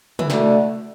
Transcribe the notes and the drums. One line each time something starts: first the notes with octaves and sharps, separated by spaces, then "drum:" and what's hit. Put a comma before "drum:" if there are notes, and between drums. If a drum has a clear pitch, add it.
E3, drum: tom
D2 D3 A3, drum: snare